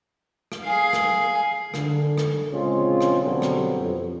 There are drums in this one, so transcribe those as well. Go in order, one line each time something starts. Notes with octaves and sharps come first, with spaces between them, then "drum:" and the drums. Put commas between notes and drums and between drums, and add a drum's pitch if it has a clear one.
drum: rim click
G#4 F5
drum: rim click
D3, drum: rim click
drum: rim click
A#1 C#3 G#3 C4 C#4 F4
drum: rim click
B2 D3 F#3 G3 B3 C4
drum: rim click
F2